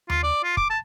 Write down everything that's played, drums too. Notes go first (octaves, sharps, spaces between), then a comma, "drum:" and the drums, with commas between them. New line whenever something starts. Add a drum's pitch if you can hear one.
F4, drum: tom D#2
D5
F4
D6, drum: kick
A5